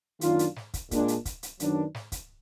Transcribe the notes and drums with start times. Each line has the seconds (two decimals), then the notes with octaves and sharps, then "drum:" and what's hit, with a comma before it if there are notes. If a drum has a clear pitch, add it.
0.21 F#2 D#3 A#3 D4 F4, drum: hi-hat
0.39 drum: hi-hat
0.56 drum: snare
0.74 drum: kick, hi-hat
0.91 A#2 G#3 D4, drum: kick, hi-hat
1.08 drum: hi-hat
1.25 drum: kick, hi-hat
1.43 drum: hi-hat
1.60 F#2 D#3 F#3 B3 D4, drum: hi-hat
1.95 drum: snare
2.12 drum: kick, hi-hat